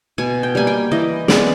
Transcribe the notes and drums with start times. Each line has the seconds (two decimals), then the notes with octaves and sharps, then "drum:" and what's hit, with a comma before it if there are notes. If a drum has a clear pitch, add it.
0.18 B2 G#5
0.43 G5
0.55 G3 A#3 G#5
0.67 G5
0.92 E3 D#5
1.28 G#3 B3 D5, drum: snare